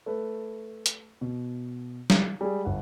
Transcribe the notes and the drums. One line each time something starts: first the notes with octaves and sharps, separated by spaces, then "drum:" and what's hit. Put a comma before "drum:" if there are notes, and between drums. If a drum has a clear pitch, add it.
A3 B4
drum: hi-hat
B2
drum: snare
G3 G#3 G#4
G1 F#5